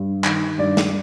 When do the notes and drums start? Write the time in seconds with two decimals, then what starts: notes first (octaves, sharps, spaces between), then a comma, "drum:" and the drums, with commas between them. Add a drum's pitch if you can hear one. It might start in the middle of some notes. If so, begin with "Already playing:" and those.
Already playing: G2
0.24 D#3, drum: clap
0.58 G2 D5
0.77 drum: snare